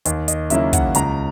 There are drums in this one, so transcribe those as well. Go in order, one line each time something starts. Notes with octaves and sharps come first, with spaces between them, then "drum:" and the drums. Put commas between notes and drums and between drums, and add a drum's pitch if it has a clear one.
D#2 D#5, drum: hi-hat
D#5, drum: hi-hat
C#3 F#3 A#3 E4 E5, drum: hi-hat
F#5, drum: kick, hi-hat
C#2 A#5, drum: hi-hat